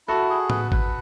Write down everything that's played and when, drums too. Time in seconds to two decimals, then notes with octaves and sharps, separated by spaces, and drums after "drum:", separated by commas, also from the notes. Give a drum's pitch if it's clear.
0.08 E4 F#4 A4
0.30 G#4
0.50 B4, drum: tom A2
0.72 B4, drum: kick G#1